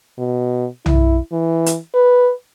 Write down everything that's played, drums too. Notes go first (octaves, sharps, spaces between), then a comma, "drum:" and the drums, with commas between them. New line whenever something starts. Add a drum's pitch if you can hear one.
B2
E4, drum: tom
E3
drum: hi-hat
B4